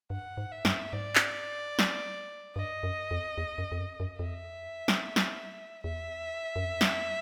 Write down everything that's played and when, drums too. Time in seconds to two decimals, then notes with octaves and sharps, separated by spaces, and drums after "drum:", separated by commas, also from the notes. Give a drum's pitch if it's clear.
0.10 G2 F#5
0.37 G#2
0.51 E5
0.65 G2, drum: snare
0.93 G#2 D5
1.15 drum: clap
1.79 drum: snare
2.56 G2 D#5
2.83 F#2
3.11 F2
3.38 E2
3.58 F#2
3.72 F2
3.80 F#2
4.00 F#2
4.19 F2 E5
4.88 drum: snare
5.16 drum: snare
5.84 E2 E5
6.56 F#2
6.65 F2
6.81 drum: snare